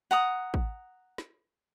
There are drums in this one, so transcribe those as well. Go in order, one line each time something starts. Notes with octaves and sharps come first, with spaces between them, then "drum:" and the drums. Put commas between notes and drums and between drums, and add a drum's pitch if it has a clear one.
F#5 A#5 D#6
drum: kick
drum: snare